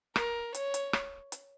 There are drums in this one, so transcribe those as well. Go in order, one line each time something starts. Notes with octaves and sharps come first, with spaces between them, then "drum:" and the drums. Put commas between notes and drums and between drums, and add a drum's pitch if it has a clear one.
A#4, drum: rim click
C#5, drum: hi-hat
drum: hi-hat
drum: rim click
drum: hi-hat